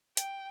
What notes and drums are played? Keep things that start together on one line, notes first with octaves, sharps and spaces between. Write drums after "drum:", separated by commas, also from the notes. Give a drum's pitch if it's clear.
G5, drum: hi-hat